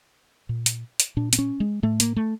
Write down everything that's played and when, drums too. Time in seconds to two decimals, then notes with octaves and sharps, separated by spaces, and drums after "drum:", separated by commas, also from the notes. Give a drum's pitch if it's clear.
0.49 A#2
0.66 drum: hi-hat
1.00 drum: hi-hat
1.17 A#2 D4
1.33 C4, drum: hi-hat
1.38 C#4
1.60 G#3
1.83 A2 A3
2.00 A#3, drum: hi-hat
2.16 A3